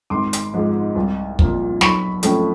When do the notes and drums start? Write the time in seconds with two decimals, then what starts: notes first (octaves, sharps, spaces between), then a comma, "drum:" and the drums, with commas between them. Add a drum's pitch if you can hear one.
0.10 G#1 C6 D6
0.33 drum: hi-hat
0.53 G#2 F3 G#3
0.95 C2
1.39 A#2 F3 A#3, drum: kick
1.81 B1 B5 C#6, drum: snare
2.23 A2 F3 A3 C#4, drum: hi-hat